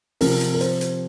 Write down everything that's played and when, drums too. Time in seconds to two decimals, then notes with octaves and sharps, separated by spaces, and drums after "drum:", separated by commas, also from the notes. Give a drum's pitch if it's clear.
0.21 C3 F3 A#4, drum: open hi-hat
0.41 drum: hi-hat
0.54 A#4
0.61 C5, drum: hi-hat
0.81 drum: hi-hat